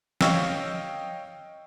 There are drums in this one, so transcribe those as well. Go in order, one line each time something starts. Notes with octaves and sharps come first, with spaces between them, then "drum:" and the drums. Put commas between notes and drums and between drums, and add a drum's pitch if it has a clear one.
C#5 D#5 F5 G5 E6, drum: snare